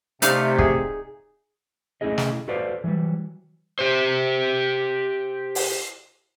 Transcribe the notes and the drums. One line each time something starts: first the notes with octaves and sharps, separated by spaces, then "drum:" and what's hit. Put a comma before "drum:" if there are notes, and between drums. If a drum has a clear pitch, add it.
C3 A3 D#4 D5 F5, drum: hi-hat
G#4, drum: kick
A3 C#4 E4 G#4 D#5
drum: snare
F#4 A4 B4 C5 D5 F5
E3 F#3 G3
G4 C5
drum: open hi-hat